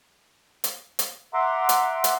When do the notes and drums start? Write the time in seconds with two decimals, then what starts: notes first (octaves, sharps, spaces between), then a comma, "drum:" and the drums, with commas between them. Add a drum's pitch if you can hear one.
0.64 drum: hi-hat
0.99 drum: hi-hat
1.34 E5 F#5 A#5 C6 D6
1.69 drum: hi-hat
2.04 drum: hi-hat